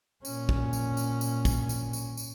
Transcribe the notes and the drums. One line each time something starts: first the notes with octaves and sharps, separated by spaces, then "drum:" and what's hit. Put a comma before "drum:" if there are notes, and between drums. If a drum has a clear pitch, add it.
A#2 C#4, drum: tambourine
drum: kick
drum: tambourine
drum: tambourine
drum: tambourine
drum: kick, tambourine
drum: tambourine
drum: tambourine
drum: tambourine